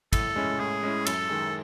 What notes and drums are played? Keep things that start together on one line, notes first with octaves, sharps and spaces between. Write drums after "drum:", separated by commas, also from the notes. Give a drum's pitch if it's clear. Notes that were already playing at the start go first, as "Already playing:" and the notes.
A2 A4, drum: kick, cymbal
G#3 C#4 E4
A2 G#4
G#3 C#4 E4
F#2 A4, drum: cymbal
D#3 G#3